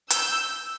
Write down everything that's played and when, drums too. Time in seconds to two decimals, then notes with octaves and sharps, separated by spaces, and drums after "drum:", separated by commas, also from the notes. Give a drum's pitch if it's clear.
0.10 E6 G6, drum: hi-hat